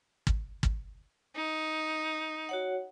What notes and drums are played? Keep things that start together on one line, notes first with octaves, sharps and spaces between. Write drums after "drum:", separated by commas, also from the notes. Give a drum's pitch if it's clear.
drum: kick
drum: kick
D#4
F#4 C#5 F#5